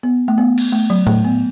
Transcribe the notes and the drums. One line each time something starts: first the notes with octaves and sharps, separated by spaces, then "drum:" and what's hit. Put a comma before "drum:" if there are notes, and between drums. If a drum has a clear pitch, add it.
B3
A3
B3
drum: cymbal
A3
F#3
A3, drum: tom A2
B3